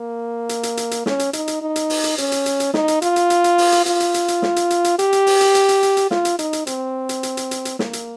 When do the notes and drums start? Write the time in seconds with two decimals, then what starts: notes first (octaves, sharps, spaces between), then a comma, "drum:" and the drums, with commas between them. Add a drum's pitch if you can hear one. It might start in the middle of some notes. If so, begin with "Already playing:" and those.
Already playing: A#3
0.49 drum: hi-hat
0.63 drum: hi-hat
0.77 drum: hi-hat
0.91 drum: hi-hat
1.06 C#4, drum: snare
1.19 drum: hi-hat
1.33 D#4, drum: hi-hat
1.48 drum: hi-hat
1.62 D#4
1.76 drum: hi-hat
1.90 drum: open hi-hat
2.04 drum: hi-hat
2.18 C#4, drum: hi-hat
2.32 drum: hi-hat
2.46 drum: hi-hat
2.60 drum: hi-hat
2.74 D#4, drum: snare
2.88 drum: hi-hat
3.02 F4, drum: hi-hat
3.16 drum: hi-hat
3.30 drum: hi-hat
3.44 drum: hi-hat
3.58 drum: open hi-hat
3.72 drum: hi-hat
3.86 F4, drum: hi-hat
4.00 drum: hi-hat
4.14 drum: hi-hat
4.28 drum: hi-hat
4.42 drum: snare
4.56 drum: hi-hat
4.70 drum: hi-hat
4.84 drum: hi-hat
4.99 G4, drum: hi-hat
5.13 drum: hi-hat
5.27 drum: open hi-hat
5.41 drum: hi-hat
5.55 drum: hi-hat
5.69 drum: hi-hat
5.83 drum: hi-hat
5.97 drum: hi-hat
6.11 F4, drum: snare
6.25 drum: hi-hat
6.39 D#4, drum: hi-hat
6.53 drum: hi-hat
6.67 C4, drum: hi-hat
7.09 drum: hi-hat
7.23 drum: hi-hat
7.37 drum: hi-hat
7.51 drum: hi-hat
7.65 drum: hi-hat
7.79 A#3, drum: snare
7.93 drum: hi-hat